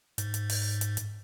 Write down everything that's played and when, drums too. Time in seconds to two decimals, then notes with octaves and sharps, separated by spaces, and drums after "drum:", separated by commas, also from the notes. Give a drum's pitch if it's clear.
0.18 G#2, drum: hi-hat
0.34 drum: hi-hat
0.50 drum: open hi-hat
0.81 drum: hi-hat
0.97 drum: hi-hat